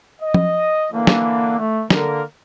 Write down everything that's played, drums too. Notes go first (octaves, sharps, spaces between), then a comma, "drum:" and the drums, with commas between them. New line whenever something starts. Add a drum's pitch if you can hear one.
D#5
drum: tom F3
D3 E3 A#3
drum: snare
A3
D3 A#3 A#4, drum: snare